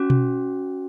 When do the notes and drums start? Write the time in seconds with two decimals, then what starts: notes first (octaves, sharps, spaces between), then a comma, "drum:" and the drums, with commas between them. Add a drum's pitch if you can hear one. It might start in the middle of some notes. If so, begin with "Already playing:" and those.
Already playing: C#4 F#4
0.10 drum: tom B2